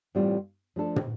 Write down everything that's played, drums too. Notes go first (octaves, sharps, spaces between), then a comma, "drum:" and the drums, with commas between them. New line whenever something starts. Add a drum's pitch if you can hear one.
A2 E3 G3 C4 F4
F3 A3 D4 A4
drum: tom